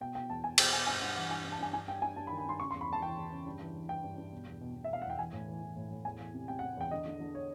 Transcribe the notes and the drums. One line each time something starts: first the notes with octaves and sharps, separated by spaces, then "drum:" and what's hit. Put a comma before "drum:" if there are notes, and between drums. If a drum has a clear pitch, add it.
B2 G5
B2 G5
E2 A5
B2 G#5
B2 G5, drum: cymbal
B2 G#5
G2 G#5
G2 F#5
E3 F#5
G2 G#5
G2
A5
G2 G#5
G2 G#5
G2 G5
G2 G#5
G2 A5
B5
D#3
B5
G2 C6
C#3 C#6
E2 C6
B5
E2 A5
E3 G5
E2
C#3
G2
E3
E3
E3 G5
G2
G2
B2
E2
B2
B2
E5
B2 F5
E2 F#5
G5
E3 G#5
A2
E3
E3
A2
A2
E2 G#5
E2
C3
C3 G5
C3 F#5
E2 G5
D3 D#5
D3
D3
C#5